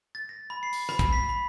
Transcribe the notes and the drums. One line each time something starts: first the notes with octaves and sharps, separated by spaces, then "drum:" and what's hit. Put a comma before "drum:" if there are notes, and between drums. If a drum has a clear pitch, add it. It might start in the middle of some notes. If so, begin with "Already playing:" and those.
A6
A#6
B5
C7
drum: open hi-hat
B5, drum: rim click
drum: kick, hi-hat
B6
B5